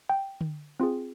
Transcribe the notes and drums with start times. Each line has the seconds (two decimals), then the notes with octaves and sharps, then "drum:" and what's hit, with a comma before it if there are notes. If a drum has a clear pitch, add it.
0.09 G5
0.41 drum: tom D3
0.80 C4 F4 G#4